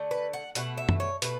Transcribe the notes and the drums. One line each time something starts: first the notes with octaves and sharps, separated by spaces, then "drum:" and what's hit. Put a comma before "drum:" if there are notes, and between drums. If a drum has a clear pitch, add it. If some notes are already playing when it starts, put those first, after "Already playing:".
Already playing: D3 A3
B4
F#5
B2 A3 F#5, drum: hi-hat
E5
drum: tom F#2
C#5
B2 A3 B4, drum: hi-hat